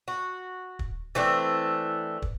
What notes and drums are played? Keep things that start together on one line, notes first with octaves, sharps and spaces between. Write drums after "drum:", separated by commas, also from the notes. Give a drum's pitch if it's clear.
F#4
drum: kick
E3 A3 C4 D4
drum: kick